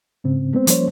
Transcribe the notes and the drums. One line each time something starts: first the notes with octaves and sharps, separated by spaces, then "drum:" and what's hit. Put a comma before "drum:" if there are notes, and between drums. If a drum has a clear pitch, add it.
G#2 C#3 C4
G#3 B3 C4 C5
F3 G3 A#3 C#4 C5 C#5, drum: hi-hat